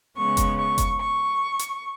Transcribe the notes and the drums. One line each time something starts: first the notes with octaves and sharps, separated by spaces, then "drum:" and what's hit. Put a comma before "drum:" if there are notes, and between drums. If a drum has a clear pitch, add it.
C#3 G#3 B3 C#6
drum: kick F1, hi-hat
C#6
drum: kick F1, hi-hat
C#6
drum: hi-hat